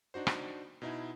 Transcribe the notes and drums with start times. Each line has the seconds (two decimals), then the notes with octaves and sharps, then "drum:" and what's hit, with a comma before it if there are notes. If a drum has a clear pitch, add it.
0.14 D4 D#4 F#4 C5
0.27 drum: rim click
0.82 B2 D#4 E4